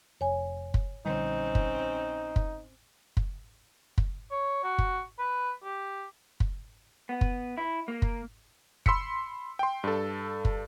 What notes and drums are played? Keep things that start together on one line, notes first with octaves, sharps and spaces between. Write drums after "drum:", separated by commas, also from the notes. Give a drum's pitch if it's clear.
F1 C#5 G#5
drum: kick
A#1 D3 G3 C4 C#4 D#4
drum: kick
drum: kick
drum: kick
drum: kick
C#5
F#4
drum: kick
B4
G4
drum: kick
B3
drum: kick
E4
A#3
drum: kick
B5 C6 E6 B6 C#7, drum: kick
G5 C6
G2 A4
drum: kick